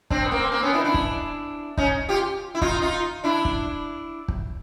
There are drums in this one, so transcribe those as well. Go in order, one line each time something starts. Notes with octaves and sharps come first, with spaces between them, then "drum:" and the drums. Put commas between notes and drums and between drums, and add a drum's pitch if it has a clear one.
C4 D4, drum: kick
B3
A#3 C4
A#3 C4
B3 C#4
D4 E4
D#4
D4 E4
drum: kick
C#4 D#4, drum: kick
F4 G4
E4
D#4 F4, drum: kick
D#4 F4
D4 E4
drum: kick
drum: kick